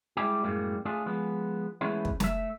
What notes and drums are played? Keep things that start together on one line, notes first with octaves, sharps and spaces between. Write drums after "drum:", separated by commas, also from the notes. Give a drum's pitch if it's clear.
G3 G#3 B3 E4 G4
F#2 A2 G3 G#3 A#3
A3 D4 F4 G#4
F3 G#3 B3
E3 G#3 A3 B3 C#4 E4
drum: kick
A3 E5, drum: snare